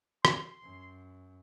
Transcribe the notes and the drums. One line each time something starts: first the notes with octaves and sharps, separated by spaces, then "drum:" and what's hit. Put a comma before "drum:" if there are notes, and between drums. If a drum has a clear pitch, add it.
C6, drum: rim click
F#2